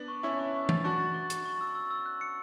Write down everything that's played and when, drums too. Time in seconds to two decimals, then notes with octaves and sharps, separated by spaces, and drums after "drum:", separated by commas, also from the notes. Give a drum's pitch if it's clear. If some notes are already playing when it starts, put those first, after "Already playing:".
Already playing: B3 D4
0.08 C#6
0.23 C#4 E4 C#6
0.39 C#6
0.55 C#6
0.69 A6, drum: tom E3
0.84 D4 F#4 C#6
1.00 A6
1.14 C#6
1.30 C#6, drum: hi-hat
1.45 C#6
1.61 E6
1.75 E6
1.91 E6
2.06 F#6
2.21 C#7